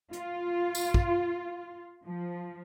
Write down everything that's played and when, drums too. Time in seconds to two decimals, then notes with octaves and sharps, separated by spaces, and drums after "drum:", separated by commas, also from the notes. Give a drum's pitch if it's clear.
0.13 F4, drum: hi-hat
0.75 drum: tambourine
0.94 drum: kick
2.06 F3